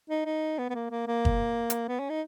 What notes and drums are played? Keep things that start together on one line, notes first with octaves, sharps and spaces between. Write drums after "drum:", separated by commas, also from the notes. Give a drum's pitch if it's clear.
D#4
D#4
B3
B3
A#3
A#3
A#3
drum: kick
drum: hi-hat
B3
C#4
D#4